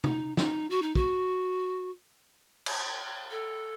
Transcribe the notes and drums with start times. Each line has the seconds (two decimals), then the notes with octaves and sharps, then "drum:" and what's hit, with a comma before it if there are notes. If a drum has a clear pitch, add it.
0.04 D#4, drum: tom
0.37 D#4, drum: snare
0.70 F#4
0.82 D#4
0.95 F#4, drum: kick
2.66 drum: cymbal
3.31 A4